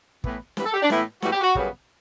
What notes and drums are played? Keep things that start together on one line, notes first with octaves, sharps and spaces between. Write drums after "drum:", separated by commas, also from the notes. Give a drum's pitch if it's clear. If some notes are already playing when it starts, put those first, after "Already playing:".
A2 E3 B3, drum: kick
G2 E3 G3 B3 B4, drum: snare
A4
G4
D4
A2 E3 B3 E4, drum: snare
A2 E3 G3 B3 F#4, drum: snare
G4
F#4
F#2 C#3 G3 B3, drum: kick